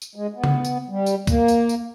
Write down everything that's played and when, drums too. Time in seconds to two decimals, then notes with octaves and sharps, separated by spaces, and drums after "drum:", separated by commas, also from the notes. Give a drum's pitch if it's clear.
0.02 drum: tambourine
0.16 G#3
0.34 B3
0.44 drum: tom C#3
0.65 drum: tambourine
0.89 G3
1.06 drum: tambourine
1.27 A#3, drum: kick, tambourine
1.48 drum: tambourine
1.69 drum: tambourine